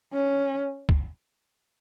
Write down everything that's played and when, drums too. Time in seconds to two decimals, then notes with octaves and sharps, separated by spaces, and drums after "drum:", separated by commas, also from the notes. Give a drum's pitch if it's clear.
0.13 C#4
0.89 drum: kick